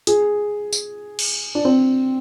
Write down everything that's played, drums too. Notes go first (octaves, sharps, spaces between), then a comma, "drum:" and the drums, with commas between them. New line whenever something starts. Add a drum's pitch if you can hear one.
G#4, drum: hi-hat
drum: tambourine
drum: cymbal
D4
C4